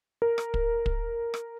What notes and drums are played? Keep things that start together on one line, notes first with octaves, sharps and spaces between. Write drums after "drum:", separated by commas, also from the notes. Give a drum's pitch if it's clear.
A#4
drum: rim click
drum: kick
drum: kick
drum: rim click